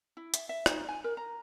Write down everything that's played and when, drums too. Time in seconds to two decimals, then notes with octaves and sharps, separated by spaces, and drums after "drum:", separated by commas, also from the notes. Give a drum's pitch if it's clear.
0.17 E4
0.34 E5, drum: hi-hat
0.49 E5
0.66 D#4, drum: rim click
0.88 G#5
1.04 A#4
1.17 A#5